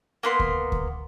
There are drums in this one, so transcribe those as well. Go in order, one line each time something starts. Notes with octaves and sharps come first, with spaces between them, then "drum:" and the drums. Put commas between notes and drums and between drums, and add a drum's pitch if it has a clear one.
A#3 B3 C6
drum: kick D2
drum: kick D2